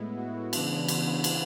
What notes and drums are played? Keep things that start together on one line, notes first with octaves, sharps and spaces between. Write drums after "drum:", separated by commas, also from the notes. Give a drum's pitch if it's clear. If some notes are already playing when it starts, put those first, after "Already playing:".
Already playing: A2 G#3 B3 E4
F#4
C#3 E3 B3 D4, drum: cymbal
drum: cymbal
drum: cymbal